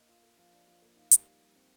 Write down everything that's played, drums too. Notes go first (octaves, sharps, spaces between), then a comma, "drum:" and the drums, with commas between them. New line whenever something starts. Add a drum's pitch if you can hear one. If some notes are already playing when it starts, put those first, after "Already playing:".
Already playing: A#3 D4 D#5
F4
A#3
F3 F5
D4
F3
A#3
D#4 F5
G3, drum: hi-hat
G3
G3
C4